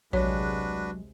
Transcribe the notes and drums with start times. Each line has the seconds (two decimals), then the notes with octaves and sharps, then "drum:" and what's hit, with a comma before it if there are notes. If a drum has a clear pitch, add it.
0.13 D2 C3 F#3 G#3 D4 F#4 B4 C#5, drum: kick A#1